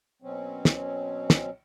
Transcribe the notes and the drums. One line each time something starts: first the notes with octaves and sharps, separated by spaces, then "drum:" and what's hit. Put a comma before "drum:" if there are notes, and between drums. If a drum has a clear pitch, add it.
B2 F#3 C4 C#4
drum: snare
drum: snare